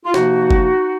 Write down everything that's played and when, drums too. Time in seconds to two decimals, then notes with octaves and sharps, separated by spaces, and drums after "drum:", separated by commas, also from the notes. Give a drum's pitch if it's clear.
0.05 F4
0.14 C3 F3 A#3 D#4 F#4, drum: snare
0.51 drum: kick F#1